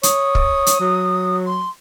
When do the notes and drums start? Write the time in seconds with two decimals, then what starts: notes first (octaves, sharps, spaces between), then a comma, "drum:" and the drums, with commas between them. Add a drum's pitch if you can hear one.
0.03 C#5 D#6, drum: hi-hat
0.35 drum: kick
0.66 drum: hi-hat
0.80 F#3
1.45 C6